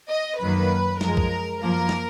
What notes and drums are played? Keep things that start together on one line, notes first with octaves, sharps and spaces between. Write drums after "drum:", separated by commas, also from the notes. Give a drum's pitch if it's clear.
D#5
F#2 D#3 F#3 A#3 B4
F#2 F3 G#3 A#4, drum: snare
drum: kick B1
F#2 F3 A#3 A#4
drum: snare